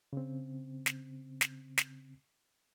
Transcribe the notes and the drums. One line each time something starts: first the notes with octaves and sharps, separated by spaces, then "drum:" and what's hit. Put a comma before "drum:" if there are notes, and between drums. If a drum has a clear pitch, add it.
C#3 C4
drum: snare
drum: snare
drum: snare